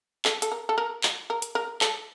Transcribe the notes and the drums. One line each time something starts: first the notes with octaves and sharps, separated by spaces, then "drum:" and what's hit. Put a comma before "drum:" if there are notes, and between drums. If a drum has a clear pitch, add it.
A4, drum: clap
A4, drum: hi-hat
A#4
A4
A#4
drum: clap
A#4
drum: hi-hat
A#4
A4, drum: clap